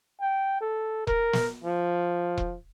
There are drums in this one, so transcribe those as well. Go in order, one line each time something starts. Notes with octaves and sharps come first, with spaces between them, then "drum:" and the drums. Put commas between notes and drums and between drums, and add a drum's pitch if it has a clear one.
G5
A4
A#4, drum: kick E1
drum: snare
F3
drum: kick E1